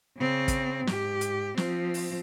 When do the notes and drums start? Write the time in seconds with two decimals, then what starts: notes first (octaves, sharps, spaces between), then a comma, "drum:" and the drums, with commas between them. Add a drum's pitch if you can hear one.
0.18 C#3 C4
0.48 drum: kick, hi-hat
0.87 G#2 G4, drum: snare
1.21 drum: hi-hat
1.57 F3 C4, drum: snare
1.94 drum: open hi-hat